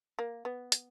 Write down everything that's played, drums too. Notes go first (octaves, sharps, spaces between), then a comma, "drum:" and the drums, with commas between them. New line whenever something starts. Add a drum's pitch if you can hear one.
A#3
B3
drum: hi-hat